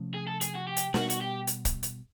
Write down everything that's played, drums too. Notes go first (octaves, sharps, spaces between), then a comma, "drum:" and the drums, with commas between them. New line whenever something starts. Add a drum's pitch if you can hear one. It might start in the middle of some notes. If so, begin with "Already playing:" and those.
Already playing: C3 F3 A3 C#4
G#4
A4
G#4, drum: hi-hat
F#4
G4
drum: hi-hat
B2 G3 B3 F#4, drum: snare
F#4, drum: hi-hat
G4
drum: hi-hat
drum: kick, hi-hat
drum: hi-hat